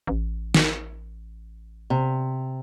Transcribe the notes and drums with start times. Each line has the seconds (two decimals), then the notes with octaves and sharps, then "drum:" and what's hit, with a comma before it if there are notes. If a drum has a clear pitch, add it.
0.07 A1
0.54 drum: snare
1.90 C3